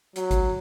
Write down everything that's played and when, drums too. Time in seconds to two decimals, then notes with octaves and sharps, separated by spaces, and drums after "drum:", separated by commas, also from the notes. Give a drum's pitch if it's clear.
0.15 F#3, drum: hi-hat
0.31 drum: kick G#1, hi-hat